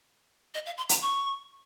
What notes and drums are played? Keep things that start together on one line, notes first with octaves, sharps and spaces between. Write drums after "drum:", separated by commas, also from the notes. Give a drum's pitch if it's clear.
D#5
F5
C6
A#5, drum: hi-hat
C#6